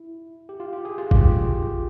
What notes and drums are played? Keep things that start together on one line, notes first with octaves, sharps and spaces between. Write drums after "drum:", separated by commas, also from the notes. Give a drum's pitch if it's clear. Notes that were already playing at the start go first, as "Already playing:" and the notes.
Already playing: E4
G4
F4
G4
G#4
F4
G4, drum: kick G#1